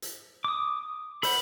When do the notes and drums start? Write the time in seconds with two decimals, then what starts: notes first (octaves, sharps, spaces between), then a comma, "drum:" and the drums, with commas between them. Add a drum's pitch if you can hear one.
0.02 drum: hi-hat
0.44 D6 D#6
1.23 A4 C5 F#5 B5, drum: open hi-hat